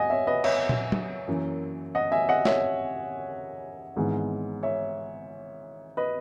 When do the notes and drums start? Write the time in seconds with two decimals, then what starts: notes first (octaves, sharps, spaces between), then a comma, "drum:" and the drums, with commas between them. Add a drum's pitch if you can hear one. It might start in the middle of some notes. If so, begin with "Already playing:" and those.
Already playing: D#5 F#5 G#5
0.10 C#5 E5
0.27 B4 D#5
0.44 C#5 E5, drum: cymbal
0.69 drum: tom
0.92 drum: tom F#3
1.27 F#2 E3 A#3
1.95 D#5 F#5
2.12 E5 G#5
2.29 D#5 F#5
2.45 C#5 E5, drum: snare
3.96 G#1 G#2 E3 G#3 B3
4.63 C#5 E5
5.97 B4 D#5